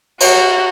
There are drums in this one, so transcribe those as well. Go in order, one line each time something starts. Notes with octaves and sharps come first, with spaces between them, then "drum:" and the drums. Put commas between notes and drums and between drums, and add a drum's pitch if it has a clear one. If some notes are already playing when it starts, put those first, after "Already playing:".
F#4, drum: cymbal